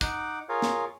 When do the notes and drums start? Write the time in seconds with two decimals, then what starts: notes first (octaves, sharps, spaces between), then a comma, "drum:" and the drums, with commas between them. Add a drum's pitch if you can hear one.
0.01 D#4 F#5 D6, drum: kick, tambourine
0.49 F4 G#4 A#4 C#5 F5
0.62 drum: snare